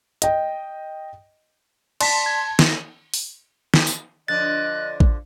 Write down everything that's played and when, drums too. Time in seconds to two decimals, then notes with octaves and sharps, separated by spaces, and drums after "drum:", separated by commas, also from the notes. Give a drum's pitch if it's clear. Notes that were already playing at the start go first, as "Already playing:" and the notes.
0.22 D#5 G5, drum: hi-hat
2.01 D5 A5 C6 B6, drum: cymbal
2.26 G#6
2.59 drum: snare
3.14 drum: open hi-hat
3.74 drum: snare
3.87 drum: tambourine
4.28 D3 F3 D4 D#5 F#6 A6
5.00 drum: kick A1